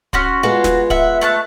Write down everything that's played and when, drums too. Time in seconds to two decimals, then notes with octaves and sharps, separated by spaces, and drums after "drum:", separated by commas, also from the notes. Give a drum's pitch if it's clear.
0.13 C#4 F#4 C6, drum: kick
0.43 G#3 B3 F4 F#4
0.64 drum: snare
0.90 E5 F#5, drum: kick
1.21 A3 A5 F#6